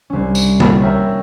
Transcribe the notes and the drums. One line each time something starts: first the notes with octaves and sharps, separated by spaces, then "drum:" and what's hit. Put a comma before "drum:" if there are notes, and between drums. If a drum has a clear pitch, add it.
C2 C#4
drum: tambourine
drum: tom D3
A#4 C#5 E5 G5 A#5